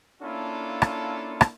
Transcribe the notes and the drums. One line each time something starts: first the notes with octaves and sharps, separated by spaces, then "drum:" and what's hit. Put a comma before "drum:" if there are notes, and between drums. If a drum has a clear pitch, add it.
A#3 C#4 D4 E4 F4 A4
drum: rim click
drum: rim click